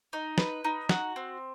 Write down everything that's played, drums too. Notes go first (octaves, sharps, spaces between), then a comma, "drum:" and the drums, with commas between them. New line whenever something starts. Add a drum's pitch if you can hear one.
D#4
B4, drum: snare
D#4
F#4, drum: snare
C4